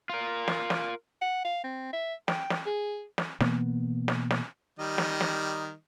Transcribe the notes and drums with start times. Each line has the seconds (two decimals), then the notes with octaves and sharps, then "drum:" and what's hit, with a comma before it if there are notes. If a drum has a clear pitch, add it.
0.09 F4 A#4
0.48 drum: snare
0.70 drum: snare
1.22 F#5
1.45 F5
1.64 C4
1.93 E5
2.28 G5, drum: snare
2.50 drum: snare
2.66 G#4
3.18 drum: snare
3.40 B2 E3 A#3 B3, drum: snare
4.08 drum: snare
4.31 drum: snare
4.79 D#3 G3 D#5
4.98 drum: snare
5.21 drum: snare